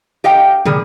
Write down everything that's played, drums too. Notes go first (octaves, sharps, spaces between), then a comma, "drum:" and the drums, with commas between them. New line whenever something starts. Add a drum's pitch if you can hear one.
G4 D#5 F5 G5
A#2 G3 G#4, drum: tom